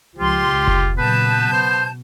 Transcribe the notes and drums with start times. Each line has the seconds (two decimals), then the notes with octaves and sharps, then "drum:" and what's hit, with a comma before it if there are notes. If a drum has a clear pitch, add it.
0.19 C#2 F3 F4 G4 C6
0.50 C#2 C#3
0.67 drum: kick F1
0.98 A#2 C#3 F#3 B3 B4 A5 G6
1.53 B2 C5